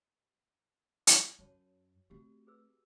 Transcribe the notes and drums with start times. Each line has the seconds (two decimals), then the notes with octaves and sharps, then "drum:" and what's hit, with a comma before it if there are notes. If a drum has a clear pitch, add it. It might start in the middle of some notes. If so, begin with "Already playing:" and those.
1.07 drum: hi-hat
1.39 F#2 F#4 C#5 A5
2.10 A3 C4 F#4 G4
2.47 G#4 B4 E6